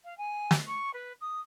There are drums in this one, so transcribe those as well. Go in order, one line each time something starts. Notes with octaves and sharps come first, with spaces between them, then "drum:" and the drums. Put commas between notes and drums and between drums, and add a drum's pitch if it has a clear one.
F5
G#5
drum: snare
C#6
B4
D#6